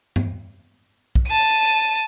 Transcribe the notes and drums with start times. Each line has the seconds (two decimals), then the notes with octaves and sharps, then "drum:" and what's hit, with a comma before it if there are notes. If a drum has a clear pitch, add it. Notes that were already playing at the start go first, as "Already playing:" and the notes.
0.16 drum: tom G2
1.15 drum: kick
1.27 A5 D#7